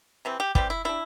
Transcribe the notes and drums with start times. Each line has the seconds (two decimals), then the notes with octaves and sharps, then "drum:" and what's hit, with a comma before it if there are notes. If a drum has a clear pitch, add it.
0.25 C3 E3 C4
0.40 G4
0.55 E3 G3 C4 G4, drum: kick
0.70 E4
0.85 G3 D4 E4